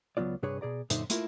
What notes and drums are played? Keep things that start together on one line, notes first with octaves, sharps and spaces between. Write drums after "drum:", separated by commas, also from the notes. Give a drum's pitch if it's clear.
C#2 F#3 B3 F4 D5
G2 C3 D4 G#4 B4 C#5
B2 G#4 D5 A#5
F#2 A#2 D3 D#4 C5 E5, drum: hi-hat
A3 A#3 E4 F4 A#4, drum: hi-hat